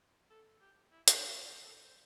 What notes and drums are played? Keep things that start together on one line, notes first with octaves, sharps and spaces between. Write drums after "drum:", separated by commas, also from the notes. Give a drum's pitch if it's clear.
A4
G4
E4
drum: hi-hat
D4
F4
A4
C5